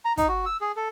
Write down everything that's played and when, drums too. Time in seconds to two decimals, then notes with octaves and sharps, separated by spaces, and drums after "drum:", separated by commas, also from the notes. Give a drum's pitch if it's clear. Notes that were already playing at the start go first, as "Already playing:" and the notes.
0.05 A#5
0.17 D#4, drum: kick, hi-hat
0.28 F#4
0.46 E6
0.61 G#4
0.76 A4